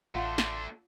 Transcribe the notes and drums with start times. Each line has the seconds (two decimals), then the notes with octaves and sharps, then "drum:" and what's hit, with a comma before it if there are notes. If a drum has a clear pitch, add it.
0.15 A1 A3 D4 F4 F5 F#5 C6
0.38 drum: snare